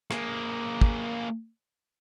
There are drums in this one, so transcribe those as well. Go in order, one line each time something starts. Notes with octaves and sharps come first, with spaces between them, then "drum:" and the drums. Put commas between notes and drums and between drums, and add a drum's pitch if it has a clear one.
A#3 G#4, drum: rim click
drum: kick